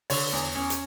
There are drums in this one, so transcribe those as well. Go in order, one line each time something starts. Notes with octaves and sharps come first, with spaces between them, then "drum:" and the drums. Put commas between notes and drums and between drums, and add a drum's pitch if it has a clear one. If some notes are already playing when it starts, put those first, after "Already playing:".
D3 C#5, drum: open hi-hat
E2
C#4
drum: hi-hat